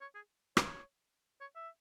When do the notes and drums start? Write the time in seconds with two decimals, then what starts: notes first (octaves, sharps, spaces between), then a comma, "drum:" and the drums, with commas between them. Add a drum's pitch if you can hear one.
0.01 C#5
0.15 G#4
0.57 C#5, drum: rim click
1.41 C#5
1.55 E5